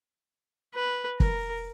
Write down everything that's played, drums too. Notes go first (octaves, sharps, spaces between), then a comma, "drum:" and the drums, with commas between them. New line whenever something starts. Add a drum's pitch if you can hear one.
B4
A#4, drum: kick